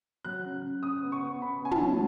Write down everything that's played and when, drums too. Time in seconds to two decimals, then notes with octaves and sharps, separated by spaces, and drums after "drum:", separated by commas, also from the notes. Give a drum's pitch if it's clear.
0.24 F#3 F#6
0.45 C#3
0.63 C#3
0.83 C#3 D#6
1.03 B3
1.12 C#6
1.22 B3
1.41 C#3 B5
1.61 B3 G#5
1.71 A5, drum: tom
1.81 F#3